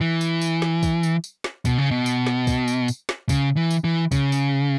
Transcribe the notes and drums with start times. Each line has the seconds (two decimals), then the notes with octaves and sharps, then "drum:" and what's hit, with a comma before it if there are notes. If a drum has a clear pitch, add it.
0.01 E3
0.21 drum: tambourine
0.42 drum: tambourine
0.62 drum: snare
0.83 drum: kick, tambourine
1.03 drum: tambourine
1.24 drum: tambourine
1.44 drum: snare
1.65 B2, drum: kick, tambourine
1.78 C#3
1.91 B2
2.06 drum: tambourine
2.27 drum: snare
2.47 drum: kick, tambourine
2.68 drum: tambourine
2.88 drum: tambourine
3.09 drum: snare
3.29 C#3, drum: kick, tambourine
3.56 E3
3.71 drum: tambourine
3.84 E3
4.12 C#3, drum: kick, tambourine
4.32 drum: tambourine